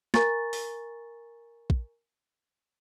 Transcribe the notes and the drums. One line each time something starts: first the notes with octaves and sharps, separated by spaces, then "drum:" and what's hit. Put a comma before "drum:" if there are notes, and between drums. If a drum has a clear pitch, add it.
A#4 G#5 A#5 C#6 A6, drum: snare
drum: open hi-hat
drum: kick